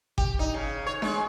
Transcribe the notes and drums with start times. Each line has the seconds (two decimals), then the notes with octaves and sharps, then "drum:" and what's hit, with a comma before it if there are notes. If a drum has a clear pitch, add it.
0.18 G4, drum: kick G1
0.39 D#4
0.54 C#3
0.86 C#5
1.02 G#3, drum: snare D4